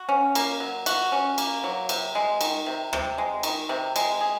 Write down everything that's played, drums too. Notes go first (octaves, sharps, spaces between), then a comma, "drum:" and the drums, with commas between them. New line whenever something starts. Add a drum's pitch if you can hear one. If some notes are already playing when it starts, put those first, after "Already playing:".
Already playing: F#4
C#4
A#3, drum: cymbal
F#3
F#4, drum: cymbal
C#4
A#3, drum: cymbal
F#3
C3, drum: cymbal
G#3
D#3, drum: cymbal
C3
C3, drum: rim click
G#3
D#3, drum: cymbal
C3
G#3, drum: cymbal
G#4